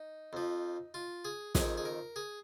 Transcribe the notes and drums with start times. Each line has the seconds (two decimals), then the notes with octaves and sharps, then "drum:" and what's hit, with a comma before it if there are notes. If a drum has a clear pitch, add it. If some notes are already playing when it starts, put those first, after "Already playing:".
Already playing: D#4
0.33 F2 F3
0.94 F4
1.25 G#4
1.55 F2 D#3 G#4, drum: snare
1.78 G#4
1.85 A#4
2.16 G#4